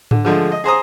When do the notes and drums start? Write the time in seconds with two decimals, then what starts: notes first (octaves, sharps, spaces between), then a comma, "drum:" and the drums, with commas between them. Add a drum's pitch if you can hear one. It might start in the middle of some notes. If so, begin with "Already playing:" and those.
0.11 D3, drum: tom G#2
0.25 D3 F3 G#3 A3
0.52 D#5
0.64 G#4 C5 A#5 D#6